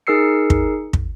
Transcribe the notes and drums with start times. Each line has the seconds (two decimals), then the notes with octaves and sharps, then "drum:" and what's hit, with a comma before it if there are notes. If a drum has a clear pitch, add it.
0.07 D#4 G#4 A#4 E6 C7 C#7
0.50 drum: kick
0.93 drum: kick